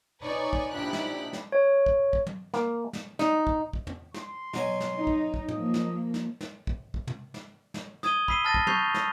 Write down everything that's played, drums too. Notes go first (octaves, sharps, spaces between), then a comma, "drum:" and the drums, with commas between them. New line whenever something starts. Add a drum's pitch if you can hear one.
D#4 B4 C#5 D5 G#5 C#6
drum: kick
A#1 D#4 E4 G4 B5 F#6
drum: snare
drum: snare
C#5
drum: kick
drum: kick
drum: tom
A#3, drum: snare
drum: snare
D#4, drum: snare
drum: kick
drum: kick
drum: tom
C6, drum: snare
B2 F#3 G#5, drum: snare
drum: snare
D#4
drum: kick
drum: kick
F3 A#3 D#5, drum: tom
drum: snare
drum: snare
drum: snare
drum: kick
drum: kick
drum: tom
drum: snare
drum: snare
D#6 G#6 D#7 G7, drum: snare
B5 E6 B6 C7 D#7 G7, drum: kick
A5 F6 A6 A#6 D#7
drum: kick
C#6 G6 C7 F7 G7, drum: tom
drum: snare